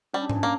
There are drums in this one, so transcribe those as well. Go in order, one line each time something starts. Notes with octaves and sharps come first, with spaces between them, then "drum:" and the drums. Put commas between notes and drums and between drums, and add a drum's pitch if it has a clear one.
G3 C#4
D4
C#4, drum: tom G#2
D4
A#3 C#4